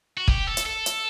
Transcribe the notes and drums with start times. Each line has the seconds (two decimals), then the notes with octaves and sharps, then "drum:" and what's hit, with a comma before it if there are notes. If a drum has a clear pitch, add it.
0.17 F#4
0.28 G4, drum: kick
0.47 A4
0.57 drum: hi-hat
0.66 A4
0.86 drum: hi-hat